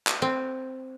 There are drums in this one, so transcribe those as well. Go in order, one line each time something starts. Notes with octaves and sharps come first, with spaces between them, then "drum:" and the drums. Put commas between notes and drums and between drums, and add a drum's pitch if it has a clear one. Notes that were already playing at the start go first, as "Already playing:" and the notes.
drum: clap
C4